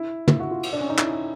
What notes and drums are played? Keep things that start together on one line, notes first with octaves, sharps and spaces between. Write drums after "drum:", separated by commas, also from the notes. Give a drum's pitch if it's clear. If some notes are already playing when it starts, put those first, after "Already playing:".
Already playing: E4
E4, drum: tom
F#4
F4
drum: cymbal
D4
C#4
D#4
E4, drum: clap